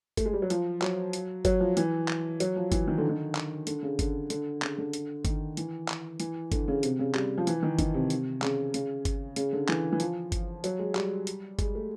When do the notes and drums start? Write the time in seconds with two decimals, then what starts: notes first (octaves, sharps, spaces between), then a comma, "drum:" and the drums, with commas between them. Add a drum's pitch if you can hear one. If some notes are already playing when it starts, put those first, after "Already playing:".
0.17 A3, drum: kick G1, hi-hat
0.26 G#3
0.33 G3
0.42 F#3
0.50 F3, drum: hi-hat
0.82 F#3, drum: clap
1.13 drum: hi-hat
1.45 F#3, drum: kick G1, hi-hat
1.60 F3
1.77 E3, drum: hi-hat
2.08 drum: clap
2.40 F#3, drum: hi-hat
2.56 F3
2.72 E3, drum: kick G1, hi-hat
2.88 D#3
2.98 D3
3.09 D#3
3.35 drum: clap
3.67 D3, drum: hi-hat
3.83 C#3
3.99 D3, drum: kick G1, hi-hat
4.30 D3, drum: hi-hat
4.62 C#3, drum: clap
4.78 D3
4.93 drum: hi-hat
5.25 D#3, drum: kick G1, hi-hat
5.57 E3, drum: hi-hat
5.88 drum: clap
6.20 E3, drum: hi-hat
6.52 D3, drum: kick G1, hi-hat
6.68 C#3
6.83 C3, drum: hi-hat
6.99 C#3
7.15 G3, drum: clap
7.38 F3
7.47 E3, drum: hi-hat
7.63 D#3
7.79 D#3, drum: kick G1, hi-hat
7.94 C3
8.10 drum: hi-hat
8.42 C#3, drum: clap
8.74 C#3, drum: hi-hat
9.05 drum: kick G1, hi-hat
9.36 C#3, drum: hi-hat
9.53 D3
9.69 E3, drum: clap
9.93 E3
10.00 F3, drum: hi-hat
10.32 drum: kick G1, hi-hat
10.64 F#3, drum: hi-hat
10.79 G#3
10.95 G3, drum: clap
11.27 drum: hi-hat
11.59 G#3, drum: kick G1, hi-hat
11.75 A3